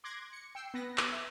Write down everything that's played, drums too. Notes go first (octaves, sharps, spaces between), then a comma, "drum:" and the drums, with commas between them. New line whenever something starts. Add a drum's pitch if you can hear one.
C6 D6 F#6 G#6 A#6
C#7
G5 E6 C7
B3 B4 A#6
D6 D#6 G#6 D#7, drum: clap
E5 A#5